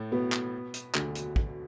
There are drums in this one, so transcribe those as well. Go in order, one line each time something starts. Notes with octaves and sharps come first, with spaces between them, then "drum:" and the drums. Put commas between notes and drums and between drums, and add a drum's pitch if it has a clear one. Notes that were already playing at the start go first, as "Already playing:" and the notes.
Already playing: A2 A3
B2 B3
drum: clap
drum: hi-hat
D2 D3, drum: clap
drum: hi-hat
drum: kick